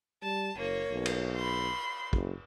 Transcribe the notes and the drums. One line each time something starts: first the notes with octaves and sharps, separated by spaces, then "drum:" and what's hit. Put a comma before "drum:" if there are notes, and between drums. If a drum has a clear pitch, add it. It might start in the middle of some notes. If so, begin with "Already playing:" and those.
G3 A5
F#1 A#3 C#5
B1
drum: cymbal
B5 C6
F#1, drum: kick